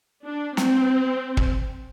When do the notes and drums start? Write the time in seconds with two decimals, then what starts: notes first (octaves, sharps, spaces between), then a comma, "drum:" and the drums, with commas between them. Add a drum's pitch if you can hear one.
0.24 D4
0.57 C4, drum: snare
1.37 drum: kick